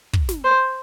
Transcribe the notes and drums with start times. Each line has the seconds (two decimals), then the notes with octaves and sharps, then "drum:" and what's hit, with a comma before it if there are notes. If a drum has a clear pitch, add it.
0.13 drum: kick
0.29 drum: snare
0.44 C5